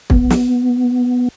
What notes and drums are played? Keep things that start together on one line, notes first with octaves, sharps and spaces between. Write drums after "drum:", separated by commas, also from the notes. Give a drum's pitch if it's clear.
B3, drum: kick
drum: snare